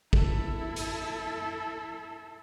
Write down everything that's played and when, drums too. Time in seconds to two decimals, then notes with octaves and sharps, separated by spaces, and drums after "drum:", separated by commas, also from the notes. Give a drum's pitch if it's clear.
0.13 E4 A4, drum: kick
0.76 drum: hi-hat